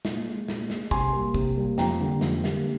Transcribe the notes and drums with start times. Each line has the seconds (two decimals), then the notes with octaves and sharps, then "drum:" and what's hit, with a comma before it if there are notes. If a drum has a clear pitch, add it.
0.05 A#2, drum: snare
0.27 G#3
0.48 A#2, drum: snare
0.70 G#3, drum: snare
0.91 C3 G#5 C6, drum: kick
1.13 G3 A#3
1.34 C3, drum: kick
1.57 G3 A#3
1.78 F2 G5 A#5, drum: snare
2.01 D3 G3 A#3
2.21 F2, drum: snare
2.44 D3 G3 A#3, drum: snare